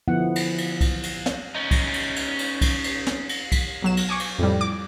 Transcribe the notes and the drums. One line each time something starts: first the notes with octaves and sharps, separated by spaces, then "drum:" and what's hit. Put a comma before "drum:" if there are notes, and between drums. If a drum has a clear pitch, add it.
D3 F3 B3 E4 F#5
drum: cymbal
drum: cymbal
drum: kick B1, cymbal
drum: cymbal
drum: snare
C#4 D#4
drum: kick B1, cymbal
drum: cymbal
drum: cymbal
drum: cymbal
drum: kick B1, cymbal
drum: cymbal
drum: snare
drum: cymbal
B6, drum: kick B1, cymbal
B1 F#3 E7
drum: cymbal
G#5 C#6 D6 C#7
drum: cymbal
F2 A2 G3
D6